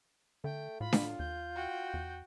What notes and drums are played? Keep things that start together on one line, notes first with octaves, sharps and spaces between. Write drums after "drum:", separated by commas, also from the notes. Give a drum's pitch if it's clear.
D3 A3 G5
A2 F4 B5
drum: snare D4
D#2 G6
F#4 G5
E2